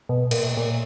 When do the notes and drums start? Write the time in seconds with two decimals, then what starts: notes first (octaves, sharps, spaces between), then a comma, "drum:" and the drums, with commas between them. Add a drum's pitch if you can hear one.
0.09 B2
0.31 A#2, drum: cymbal
0.57 A#2